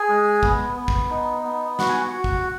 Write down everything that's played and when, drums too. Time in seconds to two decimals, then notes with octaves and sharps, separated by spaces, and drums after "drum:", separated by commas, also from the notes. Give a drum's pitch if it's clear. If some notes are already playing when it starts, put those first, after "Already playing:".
Already playing: G#4 G#5
0.09 G#3
0.43 B3, drum: kick
0.76 B3
0.88 drum: kick
1.10 D#4
1.44 B3
1.79 F#4 F#5, drum: snare
1.89 G#5
2.00 F#4 F#5
2.13 F#4
2.24 drum: kick